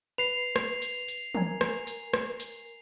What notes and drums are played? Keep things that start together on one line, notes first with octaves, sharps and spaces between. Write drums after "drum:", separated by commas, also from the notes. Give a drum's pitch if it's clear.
B4 C7 F7
drum: rim click
drum: hi-hat
drum: hi-hat
A#4 G#5, drum: tom E3
drum: rim click
drum: hi-hat
drum: rim click
drum: hi-hat